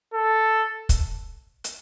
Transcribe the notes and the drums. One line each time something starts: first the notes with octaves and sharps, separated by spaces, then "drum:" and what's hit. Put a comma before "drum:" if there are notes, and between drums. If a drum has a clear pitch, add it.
A4
drum: kick, hi-hat
drum: hi-hat